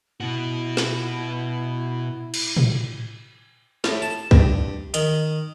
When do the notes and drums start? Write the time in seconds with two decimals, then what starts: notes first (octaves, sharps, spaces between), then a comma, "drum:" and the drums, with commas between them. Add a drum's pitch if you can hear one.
0.20 B2 E4 F#4
0.77 drum: snare
2.34 drum: cymbal
2.57 drum: tom
3.84 A2, drum: snare
4.02 A5
4.31 G2, drum: kick
4.94 D#3, drum: hi-hat